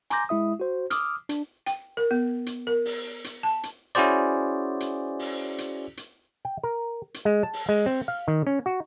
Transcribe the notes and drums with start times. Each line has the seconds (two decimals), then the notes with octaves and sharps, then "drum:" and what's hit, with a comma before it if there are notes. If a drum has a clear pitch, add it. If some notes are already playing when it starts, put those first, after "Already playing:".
0.10 G#5 A#5 C6 D6 G6 A#6, drum: hi-hat
0.29 G#3 E4 E5 D#6
0.60 F#4 C5
0.90 D6 D#6 F6, drum: hi-hat
1.29 D4, drum: hi-hat
1.66 G5, drum: hi-hat
1.97 A#4
2.11 B3
2.46 drum: hi-hat
2.67 A#4
2.85 drum: open hi-hat
3.24 drum: hi-hat
3.43 A5
3.63 drum: hi-hat
3.95 C#4 E4 F#4 G#4 C5 D5
4.80 drum: hi-hat
5.19 drum: open hi-hat
5.58 drum: hi-hat
5.97 drum: hi-hat
6.45 G5
6.63 A#4
7.14 drum: hi-hat
7.25 G#3
7.43 A5
7.53 drum: open hi-hat
7.69 G#3
7.86 C4
8.08 F5
8.28 D#3
8.47 C#4
8.66 F#4